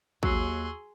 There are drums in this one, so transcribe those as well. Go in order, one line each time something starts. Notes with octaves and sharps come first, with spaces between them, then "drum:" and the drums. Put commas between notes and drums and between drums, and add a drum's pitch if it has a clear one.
D#2 F#3 G#4 C6 C#6 E6 C7, drum: kick